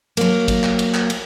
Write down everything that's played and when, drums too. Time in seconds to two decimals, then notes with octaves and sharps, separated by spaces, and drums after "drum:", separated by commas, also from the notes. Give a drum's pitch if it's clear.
0.17 F#3 A#3, drum: cymbal
0.48 drum: kick, cymbal
0.63 drum: clap
0.79 drum: cymbal
0.94 drum: clap
1.10 drum: cymbal